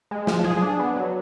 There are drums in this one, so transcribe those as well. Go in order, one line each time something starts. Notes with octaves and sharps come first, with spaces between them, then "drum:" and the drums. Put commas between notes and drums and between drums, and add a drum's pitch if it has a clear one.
G#3
F3, drum: snare
G#4, drum: tom F#3
D4
B3
F#3